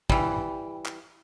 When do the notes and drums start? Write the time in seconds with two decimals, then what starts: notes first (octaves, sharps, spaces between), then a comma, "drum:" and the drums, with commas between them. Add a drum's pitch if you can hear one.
0.10 E3 G3, drum: kick
0.85 drum: clap